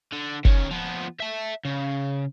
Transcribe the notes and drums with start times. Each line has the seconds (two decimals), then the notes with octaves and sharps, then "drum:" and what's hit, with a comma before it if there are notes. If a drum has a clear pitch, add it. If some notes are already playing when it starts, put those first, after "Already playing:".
0.13 D3
0.45 D#3 C#4, drum: kick
0.71 F3 B3
1.20 E5 A5
1.65 C#3